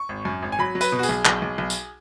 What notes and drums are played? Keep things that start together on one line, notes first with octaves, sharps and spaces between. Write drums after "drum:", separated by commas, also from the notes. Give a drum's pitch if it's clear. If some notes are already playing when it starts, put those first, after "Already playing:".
Already playing: C#6
G#1
F#2
G#1
G#5
F#3 B5
F#3
B4, drum: tambourine
B2
F#4
G#4, drum: tambourine
B1
B1, drum: clap
B1
B1
drum: tambourine